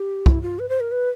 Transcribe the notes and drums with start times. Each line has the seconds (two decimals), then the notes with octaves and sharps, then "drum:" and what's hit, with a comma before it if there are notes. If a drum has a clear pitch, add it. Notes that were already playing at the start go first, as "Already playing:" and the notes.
Already playing: G4
0.26 E4, drum: kick
0.42 F4
0.59 B4
0.69 C5
0.80 A#4
0.92 B4